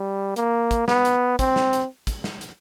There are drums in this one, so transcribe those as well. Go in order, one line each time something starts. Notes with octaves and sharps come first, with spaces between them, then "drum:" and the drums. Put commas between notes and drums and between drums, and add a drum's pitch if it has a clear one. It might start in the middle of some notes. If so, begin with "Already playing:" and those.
Already playing: G3
A#3, drum: hi-hat
drum: kick, hi-hat
B3, drum: snare
drum: hi-hat
C4, drum: kick, hi-hat
drum: snare
drum: hi-hat
drum: kick, hi-hat
drum: snare
drum: hi-hat